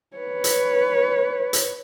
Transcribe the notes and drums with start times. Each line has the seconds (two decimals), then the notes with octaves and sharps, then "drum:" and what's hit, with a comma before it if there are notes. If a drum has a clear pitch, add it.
0.17 B4 C#5
0.44 drum: hi-hat
1.53 drum: hi-hat